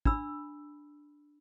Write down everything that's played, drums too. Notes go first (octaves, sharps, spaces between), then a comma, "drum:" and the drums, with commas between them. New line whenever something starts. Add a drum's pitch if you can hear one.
D4 B5 E6, drum: kick